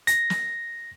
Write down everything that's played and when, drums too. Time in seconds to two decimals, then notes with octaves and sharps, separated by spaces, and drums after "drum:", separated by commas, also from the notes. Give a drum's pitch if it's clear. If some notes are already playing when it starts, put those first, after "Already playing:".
0.07 A#6, drum: hi-hat
0.30 drum: snare